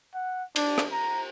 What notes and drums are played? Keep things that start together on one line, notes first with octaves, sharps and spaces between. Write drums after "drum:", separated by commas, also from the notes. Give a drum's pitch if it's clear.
F#5
D4, drum: cymbal
drum: rim click
A#5